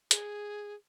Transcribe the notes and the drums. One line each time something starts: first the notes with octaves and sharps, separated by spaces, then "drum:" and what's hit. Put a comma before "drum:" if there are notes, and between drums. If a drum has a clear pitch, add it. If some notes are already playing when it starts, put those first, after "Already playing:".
G#4, drum: hi-hat